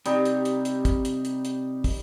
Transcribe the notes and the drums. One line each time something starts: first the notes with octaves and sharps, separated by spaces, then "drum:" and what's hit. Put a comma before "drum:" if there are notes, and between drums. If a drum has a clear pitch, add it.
C3 G3 D#4 A#5, drum: hi-hat
drum: hi-hat
drum: hi-hat
drum: hi-hat
drum: kick, hi-hat
drum: hi-hat
drum: hi-hat
drum: hi-hat
drum: kick, open hi-hat